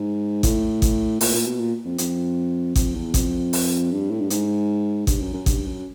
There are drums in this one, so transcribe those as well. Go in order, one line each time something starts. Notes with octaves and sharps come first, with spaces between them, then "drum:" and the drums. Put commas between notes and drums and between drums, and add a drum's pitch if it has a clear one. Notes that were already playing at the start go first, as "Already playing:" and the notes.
Already playing: G#2
A2, drum: kick G#1, hi-hat
drum: kick G#1, hi-hat
A#2, drum: open hi-hat
A#2
B2
A#2
F2
F2, drum: hi-hat
F2, drum: kick G#1, hi-hat
E2
F2, drum: kick G#1, hi-hat
drum: open hi-hat
G2
A2
G2
G#2, drum: hi-hat
G2, drum: kick G#1, hi-hat
F#2
F#2
G2, drum: kick G#1, hi-hat
F#2